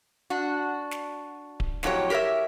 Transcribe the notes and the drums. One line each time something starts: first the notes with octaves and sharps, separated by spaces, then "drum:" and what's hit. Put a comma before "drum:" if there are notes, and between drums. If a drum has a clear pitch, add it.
D4 F#4
drum: snare
drum: kick D1
F2 A2 F#3 G4 C#5, drum: snare
G4 A#4 B4 C#5 E5